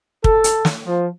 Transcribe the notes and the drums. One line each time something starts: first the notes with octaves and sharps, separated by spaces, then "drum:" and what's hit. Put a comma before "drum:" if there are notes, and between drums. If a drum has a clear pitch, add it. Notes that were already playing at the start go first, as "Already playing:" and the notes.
A4, drum: kick
drum: hi-hat
drum: snare
F3